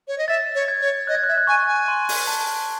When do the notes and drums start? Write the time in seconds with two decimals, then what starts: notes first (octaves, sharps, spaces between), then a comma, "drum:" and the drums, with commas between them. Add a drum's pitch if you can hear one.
0.08 C#5
0.18 D#5
0.28 E5 A6
0.55 C#5
0.68 G#6
0.81 C#5
1.07 D#5 F#6
1.15 G#6
1.23 F#6
1.28 E5 G#6
1.38 F#6
1.47 G#5 C#6
1.67 G#5
1.88 C6
2.09 drum: open hi-hat
2.27 A5